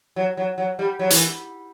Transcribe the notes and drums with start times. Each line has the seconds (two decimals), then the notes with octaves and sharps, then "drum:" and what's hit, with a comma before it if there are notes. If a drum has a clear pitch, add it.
0.16 F#3
0.37 F#3
0.58 F#3
0.79 G3
0.99 F#3
1.10 E3, drum: hi-hat